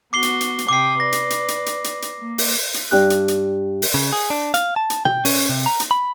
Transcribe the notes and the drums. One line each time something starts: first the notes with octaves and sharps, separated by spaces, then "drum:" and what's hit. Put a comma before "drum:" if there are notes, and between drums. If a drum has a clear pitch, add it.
B3 F#4 D6 C7 G7
drum: hi-hat
drum: hi-hat
drum: hi-hat
C3 G5 D6 D#6 C7
B4 D5 A#6
drum: hi-hat
drum: hi-hat
drum: hi-hat
drum: hi-hat
drum: hi-hat
drum: hi-hat
A#3
drum: open hi-hat
drum: hi-hat
G2 G4 F#6
drum: hi-hat
drum: hi-hat
drum: open hi-hat
C#3
G#4
D4
F5, drum: hi-hat
A5
drum: hi-hat
G5, drum: tom B2
C#4, drum: open hi-hat
C3
A#5
drum: hi-hat
B5